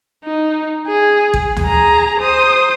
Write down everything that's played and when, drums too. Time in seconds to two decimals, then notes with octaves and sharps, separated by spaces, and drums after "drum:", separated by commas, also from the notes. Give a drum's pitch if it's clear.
0.25 D#4
0.88 G#4
1.34 drum: kick
1.56 drum: tom D2
1.66 G#4 A#5
2.20 C5 D#6